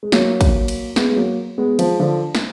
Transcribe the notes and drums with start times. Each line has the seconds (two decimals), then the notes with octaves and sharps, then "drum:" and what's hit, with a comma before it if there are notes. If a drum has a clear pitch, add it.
0.03 G#3
0.12 F#3 A#3, drum: snare
0.41 drum: kick, cymbal
0.68 drum: cymbal
0.96 G#3 B3, drum: snare
1.10 G#3
1.16 F#3 A#3
1.58 G#3 B3
1.79 F3 G#3, drum: cymbal
2.00 D3 F3
2.35 drum: snare